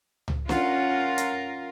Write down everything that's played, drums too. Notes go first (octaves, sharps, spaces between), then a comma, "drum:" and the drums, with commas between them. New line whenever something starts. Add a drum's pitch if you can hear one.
drum: tom C#2
C#4 F4 A#4 F#5, drum: snare
drum: hi-hat